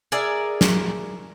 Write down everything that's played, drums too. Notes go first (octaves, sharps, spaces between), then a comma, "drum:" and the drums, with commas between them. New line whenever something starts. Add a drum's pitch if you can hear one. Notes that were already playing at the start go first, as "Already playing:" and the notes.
G#4 A#4 D5 E5
drum: snare